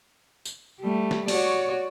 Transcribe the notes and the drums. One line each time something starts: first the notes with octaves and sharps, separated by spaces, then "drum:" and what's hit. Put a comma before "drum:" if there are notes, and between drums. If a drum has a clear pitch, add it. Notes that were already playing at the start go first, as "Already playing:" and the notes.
drum: tambourine
G3 A3
drum: snare
F#4 C#5 D5, drum: open hi-hat